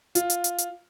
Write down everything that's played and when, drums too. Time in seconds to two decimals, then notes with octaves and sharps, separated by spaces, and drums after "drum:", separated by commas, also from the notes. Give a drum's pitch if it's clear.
0.15 F4, drum: hi-hat
0.30 drum: hi-hat
0.44 drum: hi-hat
0.58 drum: hi-hat